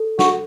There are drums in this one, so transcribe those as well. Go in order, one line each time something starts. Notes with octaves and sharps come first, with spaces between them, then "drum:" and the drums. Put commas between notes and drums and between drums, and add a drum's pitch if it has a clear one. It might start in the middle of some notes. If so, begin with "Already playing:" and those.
Already playing: A4
F#4, drum: snare